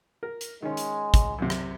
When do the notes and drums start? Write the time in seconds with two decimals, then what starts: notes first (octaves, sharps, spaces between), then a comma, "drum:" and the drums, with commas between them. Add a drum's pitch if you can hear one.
0.23 A#4
0.41 drum: hi-hat
0.62 D#3 G#3 C#4
0.77 drum: hi-hat
1.14 drum: kick, hi-hat
1.38 F#2 C3
1.50 drum: rim click